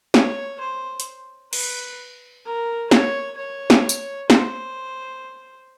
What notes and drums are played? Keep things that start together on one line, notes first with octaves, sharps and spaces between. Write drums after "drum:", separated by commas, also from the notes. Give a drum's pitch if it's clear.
C#5, drum: snare
C5
drum: hi-hat
B4, drum: cymbal
A#4
C#5, drum: snare
C#5
drum: snare
drum: tambourine
C5, drum: snare